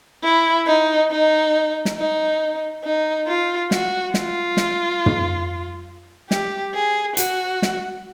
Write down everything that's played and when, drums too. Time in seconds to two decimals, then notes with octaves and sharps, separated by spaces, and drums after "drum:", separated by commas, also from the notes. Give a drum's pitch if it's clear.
0.24 E4
0.67 D#4
1.11 D#4
1.85 drum: snare
1.97 D#4
2.84 D#4
3.27 F4
3.71 F#4, drum: snare
4.14 F4, drum: snare
4.57 drum: snare
5.06 drum: tom
6.31 G4, drum: snare
6.75 G#4
7.17 F#4, drum: hi-hat
7.62 drum: snare